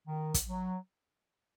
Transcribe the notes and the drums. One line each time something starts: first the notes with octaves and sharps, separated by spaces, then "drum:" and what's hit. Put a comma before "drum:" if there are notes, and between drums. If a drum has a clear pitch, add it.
D#3
drum: kick, hi-hat
F#3